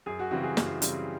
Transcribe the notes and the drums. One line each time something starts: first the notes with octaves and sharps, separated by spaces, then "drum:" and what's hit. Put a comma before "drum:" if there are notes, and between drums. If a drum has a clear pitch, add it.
F#2 G#4
F#4
C#3 E3 G3 C4 F#4
G#4
F#2, drum: snare
C#3 E3 G3 C4, drum: hi-hat